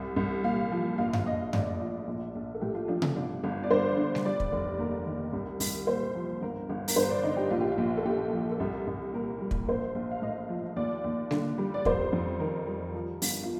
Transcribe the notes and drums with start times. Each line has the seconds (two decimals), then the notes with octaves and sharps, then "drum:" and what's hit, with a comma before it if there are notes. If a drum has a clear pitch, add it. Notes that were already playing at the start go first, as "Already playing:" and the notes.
Already playing: C2
0.16 C2
0.44 A#2 F5
0.72 F3
0.98 A#1 F5
1.13 F5, drum: tom F#2
1.25 A#1 D#5
1.53 A2 D5, drum: tom F#2
1.80 F3
2.07 A#1
2.35 A#1
2.54 A4
2.61 A2 G4
2.75 F4
2.88 F3 D4
3.02 C4, drum: tom C3
3.16 G1 D4
3.44 G1
3.63 D5
3.70 G2 C5
3.97 D3
4.15 drum: snare G3
4.25 G3 D5
4.40 drum: kick
4.52 F1
4.79 D#2 A#4
5.06 D#3
5.33 C2
5.60 C2, drum: open hi-hat
5.87 A#2 C5
6.15 F3
6.41 G1 A#4
6.69 G1
6.88 A#4, drum: open hi-hat
6.96 G2 C5
7.10 D5
7.23 D3 D#4
7.37 G4
7.50 A#1 F4
7.61 G4
7.72 F4
7.78 A#1
7.97 A4
8.05 A#2 G4
8.33 F3
8.51 A4
8.60 C2 A#4
8.87 C2
9.14 A#2 A#4
9.41 G3
9.51 drum: kick
9.68 A#1 C5
9.95 A#1
10.11 F5
10.22 A2 D#5
10.49 F3
10.76 D#2 D5
11.04 D#2
11.31 D3, drum: snare G3
11.58 G3
11.74 D5
11.85 F2 C5, drum: kick
12.13 F2
12.39 D#3 A#4
12.67 G3
12.94 F3
13.22 G1, drum: open hi-hat
13.43 F4